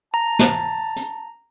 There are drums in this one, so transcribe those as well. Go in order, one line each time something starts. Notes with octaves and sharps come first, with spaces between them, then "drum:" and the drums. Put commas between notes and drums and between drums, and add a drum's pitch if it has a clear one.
A5 A#5
drum: snare
drum: hi-hat